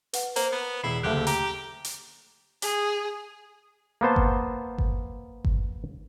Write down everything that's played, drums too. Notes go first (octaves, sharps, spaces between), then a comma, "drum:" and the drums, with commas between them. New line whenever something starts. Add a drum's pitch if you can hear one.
B4 F#5, drum: hi-hat
A#3 A#4 C5 A#5, drum: hi-hat
B3
E1 E4 C7
F#1 D2 G4 A4 E5 F#6
G4 A#5, drum: hi-hat
drum: hi-hat
G#4, drum: hi-hat
A#3 B3 C5 A5
drum: kick G1
drum: kick G1
drum: kick G1